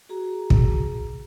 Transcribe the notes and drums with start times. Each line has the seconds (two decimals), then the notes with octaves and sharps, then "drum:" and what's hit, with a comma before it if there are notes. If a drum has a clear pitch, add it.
0.09 F#4 G#4 A#5
0.50 drum: kick